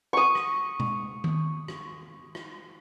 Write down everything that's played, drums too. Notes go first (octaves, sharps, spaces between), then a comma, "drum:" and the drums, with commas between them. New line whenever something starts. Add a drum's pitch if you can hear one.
C#6 D#6
drum: rim click
drum: tom B2
drum: tom D#3
drum: rim click
drum: rim click